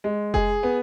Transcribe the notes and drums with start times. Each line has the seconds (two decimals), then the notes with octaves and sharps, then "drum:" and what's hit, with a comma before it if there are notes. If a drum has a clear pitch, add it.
0.04 G#3
0.34 G#4, drum: kick F1
0.63 B3